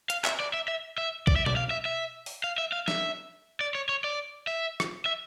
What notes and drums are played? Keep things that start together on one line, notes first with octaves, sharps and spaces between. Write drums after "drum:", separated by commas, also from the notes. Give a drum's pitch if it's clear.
F5, drum: hi-hat
E5, drum: clap
D5
E5
E5
E5
D5, drum: kick
E5
D5, drum: tom B2
F5
E5
E5
drum: open hi-hat
F5
E5
F5
E5, drum: snare
D5
C#5
C#5
D5
E5
drum: rim click
E5